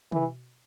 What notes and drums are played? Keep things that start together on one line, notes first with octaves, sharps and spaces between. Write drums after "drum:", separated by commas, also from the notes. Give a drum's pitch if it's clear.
E3, drum: tom